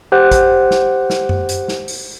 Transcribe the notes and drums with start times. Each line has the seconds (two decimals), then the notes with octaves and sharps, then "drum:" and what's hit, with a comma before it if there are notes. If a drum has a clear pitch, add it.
0.12 G4 C5 F#5 F#6
0.31 drum: kick, hi-hat
0.71 drum: snare
1.10 drum: snare
1.29 drum: tom F#2
1.49 drum: hi-hat
1.68 drum: snare
1.88 drum: open hi-hat